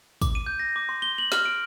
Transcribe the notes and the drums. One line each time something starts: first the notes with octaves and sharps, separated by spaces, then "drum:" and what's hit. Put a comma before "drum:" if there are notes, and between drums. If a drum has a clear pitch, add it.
D6, drum: kick, tambourine
D#7
G6
A#6
D6
C6
G7
F#7
F6, drum: snare
D7